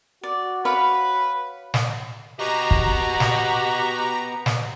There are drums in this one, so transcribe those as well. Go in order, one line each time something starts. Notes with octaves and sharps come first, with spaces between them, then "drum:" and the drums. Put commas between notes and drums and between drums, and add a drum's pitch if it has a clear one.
F#4 D5
B4 C#5 F5 B5
drum: snare
B3 F#4 G4 D#5 A#5
drum: kick
drum: snare
drum: snare